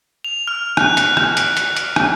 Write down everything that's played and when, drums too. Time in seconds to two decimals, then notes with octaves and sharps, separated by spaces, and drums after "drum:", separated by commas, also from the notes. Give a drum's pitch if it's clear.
0.24 F7
0.47 F6
0.77 F#6, drum: rim click
0.97 drum: hi-hat
1.17 drum: rim click
1.37 drum: hi-hat
1.57 drum: hi-hat
1.76 drum: hi-hat
1.96 drum: rim click